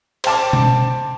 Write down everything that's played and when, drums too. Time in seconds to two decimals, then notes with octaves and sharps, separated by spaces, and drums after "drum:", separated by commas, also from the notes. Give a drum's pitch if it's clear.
0.24 C5 G5 A5 D6, drum: cymbal
0.53 drum: tom B2